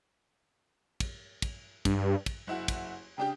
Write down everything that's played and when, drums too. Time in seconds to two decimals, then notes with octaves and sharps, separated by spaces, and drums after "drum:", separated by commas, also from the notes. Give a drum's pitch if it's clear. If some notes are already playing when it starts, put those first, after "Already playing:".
1.00 drum: kick, cymbal
1.42 drum: kick, cymbal
1.85 G2, drum: kick, cymbal
2.26 drum: kick, cymbal
2.47 F#1 E4 F#4
2.68 drum: kick, cymbal
3.18 C#3 D4 G4 G5